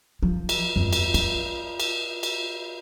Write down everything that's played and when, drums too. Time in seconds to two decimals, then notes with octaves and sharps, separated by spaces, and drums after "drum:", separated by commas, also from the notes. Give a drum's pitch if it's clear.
0.23 F3
0.49 drum: cymbal
0.76 F2
0.93 drum: cymbal
1.14 F4, drum: cymbal
1.80 drum: cymbal
2.23 drum: cymbal